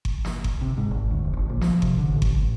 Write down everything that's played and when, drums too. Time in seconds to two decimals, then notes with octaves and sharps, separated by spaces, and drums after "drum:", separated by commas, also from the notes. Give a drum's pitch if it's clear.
0.05 drum: kick G1
0.25 drum: snare
0.44 drum: kick G1
0.61 C3
0.77 G#2
0.91 G#1
1.11 D2
1.24 F1
1.37 G#1
1.50 A#1
1.61 F3, drum: snare
1.82 C3, drum: kick G1
1.98 D3
2.10 A1
2.22 drum: kick G1
2.42 A1